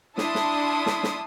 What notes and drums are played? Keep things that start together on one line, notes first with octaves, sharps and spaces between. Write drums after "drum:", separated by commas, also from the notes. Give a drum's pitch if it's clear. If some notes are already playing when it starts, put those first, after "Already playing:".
D4 E4 A5 C6 D#6, drum: snare
drum: snare
drum: snare
drum: snare